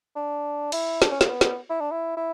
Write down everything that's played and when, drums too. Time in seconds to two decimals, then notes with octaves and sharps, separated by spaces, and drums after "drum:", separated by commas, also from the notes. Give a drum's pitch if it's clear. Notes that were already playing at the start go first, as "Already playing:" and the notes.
0.16 D4
0.72 E4, drum: cymbal
1.02 D4, drum: snare
1.11 C#4
1.21 A#3, drum: snare
1.30 B3
1.41 drum: snare
1.70 E4
1.80 D4
1.91 E4
2.17 E4